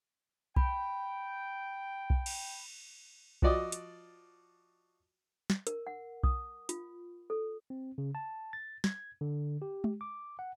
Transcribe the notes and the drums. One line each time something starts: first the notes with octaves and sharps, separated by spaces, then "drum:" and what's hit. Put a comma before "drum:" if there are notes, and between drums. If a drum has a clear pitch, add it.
G5 B5, drum: kick B1
drum: kick B1
drum: cymbal
F3 F#4 D5 D#5, drum: kick B1
drum: hi-hat
drum: snare
A#4, drum: hi-hat
F#5
D#6, drum: kick B1
F4, drum: hi-hat
A4
C4
C#3
A5
A6
G#6, drum: snare
D3
G4
drum: tom G#3
D6
F#5